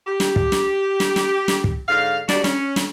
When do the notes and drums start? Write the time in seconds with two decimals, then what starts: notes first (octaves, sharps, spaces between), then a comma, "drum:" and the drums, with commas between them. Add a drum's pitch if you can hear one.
0.07 G4
0.20 drum: snare
0.36 drum: kick
0.52 drum: snare
1.00 drum: snare
1.16 drum: snare
1.48 drum: snare
1.64 drum: kick
1.89 G#2 D3 F5
2.29 D4 D#4 F#4 G4 D5, drum: snare
2.44 C#4, drum: snare
2.76 drum: snare